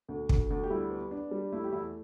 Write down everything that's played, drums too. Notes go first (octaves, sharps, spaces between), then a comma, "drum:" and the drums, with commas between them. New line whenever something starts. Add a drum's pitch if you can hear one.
D2
D2, drum: kick
D2
G4
G3 E4
B3
D4
G3
A3 E4
G4
E2 E4